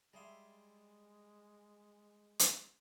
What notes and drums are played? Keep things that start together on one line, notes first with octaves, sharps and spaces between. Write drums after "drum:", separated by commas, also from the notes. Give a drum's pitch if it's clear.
G3 G#3 G#4 E5 F5 C6
drum: hi-hat